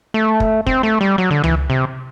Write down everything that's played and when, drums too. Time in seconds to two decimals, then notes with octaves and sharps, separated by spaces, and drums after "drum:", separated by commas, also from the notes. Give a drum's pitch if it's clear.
0.14 A3
0.40 drum: kick
0.66 C4, drum: kick
0.83 A3
1.01 G3
1.18 F#3
1.31 D3
1.44 E3, drum: tom C#2
1.70 C3